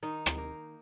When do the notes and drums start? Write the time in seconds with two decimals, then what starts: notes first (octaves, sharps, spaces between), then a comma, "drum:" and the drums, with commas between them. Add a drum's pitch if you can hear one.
0.03 D#3 D#4
0.26 drum: rim click
0.38 A#3